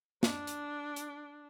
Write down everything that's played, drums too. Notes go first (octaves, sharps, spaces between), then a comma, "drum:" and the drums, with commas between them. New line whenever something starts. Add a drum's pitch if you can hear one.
D4, drum: snare
drum: hi-hat
drum: hi-hat